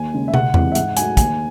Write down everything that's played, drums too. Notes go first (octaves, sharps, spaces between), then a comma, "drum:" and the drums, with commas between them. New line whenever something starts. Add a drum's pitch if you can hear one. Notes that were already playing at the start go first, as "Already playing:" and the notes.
Already playing: D#2 G#5
C#3 G#3
E5
C#2 F#5, drum: tom
C3 E3 G#3, drum: tom E2
E5
G#2 F#5, drum: hi-hat
F#3 A3 G#5, drum: hi-hat
D#2 G#5, drum: kick, hi-hat